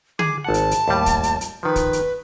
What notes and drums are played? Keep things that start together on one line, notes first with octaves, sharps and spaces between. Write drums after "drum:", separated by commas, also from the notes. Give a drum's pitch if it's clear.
G#4 D6, drum: tom D3
G#1 F#5 A5
drum: hi-hat
drum: hi-hat
D#2 A2 G3
drum: kick, hi-hat
drum: hi-hat
drum: hi-hat
D#3 F3 B4
drum: kick, hi-hat
drum: hi-hat